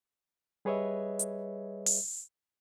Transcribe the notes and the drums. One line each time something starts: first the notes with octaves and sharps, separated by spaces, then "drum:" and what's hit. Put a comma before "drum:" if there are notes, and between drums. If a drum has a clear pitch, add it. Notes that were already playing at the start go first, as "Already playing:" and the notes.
G3 G#4 B4 C#5 D#5 E5
drum: hi-hat
drum: open hi-hat